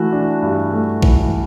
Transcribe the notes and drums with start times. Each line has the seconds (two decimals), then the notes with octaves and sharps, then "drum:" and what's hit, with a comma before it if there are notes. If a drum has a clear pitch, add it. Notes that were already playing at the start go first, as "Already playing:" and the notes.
Already playing: E3 A3 F#4
0.13 D4
0.42 G2
0.73 A3
1.03 E3, drum: kick A#1